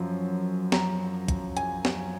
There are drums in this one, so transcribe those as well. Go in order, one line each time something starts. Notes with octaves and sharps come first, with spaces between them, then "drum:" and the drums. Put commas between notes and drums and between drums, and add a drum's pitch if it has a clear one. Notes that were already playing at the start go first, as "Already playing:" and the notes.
Already playing: F#2 F3
A#5, drum: snare
drum: kick, hi-hat
G#5, drum: hi-hat
drum: snare